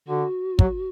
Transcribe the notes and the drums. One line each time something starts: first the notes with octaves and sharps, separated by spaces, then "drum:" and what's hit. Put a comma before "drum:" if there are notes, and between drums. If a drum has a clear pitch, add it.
D3 F#4
F#3, drum: kick